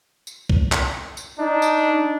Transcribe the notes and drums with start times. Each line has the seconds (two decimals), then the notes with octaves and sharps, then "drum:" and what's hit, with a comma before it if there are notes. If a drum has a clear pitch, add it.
0.27 drum: tambourine
0.50 drum: kick
0.72 drum: clap
1.17 drum: tambourine
1.40 D4 D#4
1.62 drum: tambourine